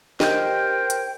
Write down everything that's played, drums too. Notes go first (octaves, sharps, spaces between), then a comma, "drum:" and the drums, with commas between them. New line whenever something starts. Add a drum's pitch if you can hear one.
G4 A#4 C5 D#5 G5, drum: snare
drum: hi-hat